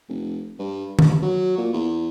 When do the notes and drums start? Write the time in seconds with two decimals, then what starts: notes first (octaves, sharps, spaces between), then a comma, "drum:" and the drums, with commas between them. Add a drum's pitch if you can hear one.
0.09 F1
0.59 G2
0.99 G2, drum: tom D#3
1.22 F#3
1.58 A#2
1.73 E2